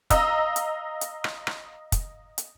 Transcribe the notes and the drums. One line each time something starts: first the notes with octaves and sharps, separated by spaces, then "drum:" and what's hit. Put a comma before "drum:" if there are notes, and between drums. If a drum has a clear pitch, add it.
D#5 F5 A#5 D#6 E6, drum: kick, hi-hat
drum: hi-hat
drum: hi-hat
drum: rim click
drum: rim click
drum: kick, hi-hat
drum: hi-hat